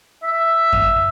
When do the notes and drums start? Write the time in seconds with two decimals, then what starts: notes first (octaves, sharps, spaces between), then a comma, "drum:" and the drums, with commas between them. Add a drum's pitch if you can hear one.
0.23 E5
0.73 drum: kick F#2